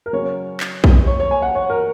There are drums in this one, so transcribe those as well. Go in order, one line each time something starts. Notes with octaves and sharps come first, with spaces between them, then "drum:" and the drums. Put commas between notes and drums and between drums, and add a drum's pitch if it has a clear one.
A#4
C#3 F#3 C#4 C#5
drum: clap
drum: kick A#1
C#5
C#5
G#5
F#5
C#5
A#4